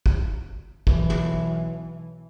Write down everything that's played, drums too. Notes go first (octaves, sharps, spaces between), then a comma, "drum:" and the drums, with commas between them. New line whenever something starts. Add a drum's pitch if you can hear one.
drum: kick
B1 E3, drum: kick
drum: tom